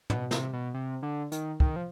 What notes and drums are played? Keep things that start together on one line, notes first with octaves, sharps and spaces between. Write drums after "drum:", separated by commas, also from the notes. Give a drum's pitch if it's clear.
B2, drum: tom
C3, drum: snare
B2
C3
D3
D#3, drum: hi-hat
D#3, drum: kick
F3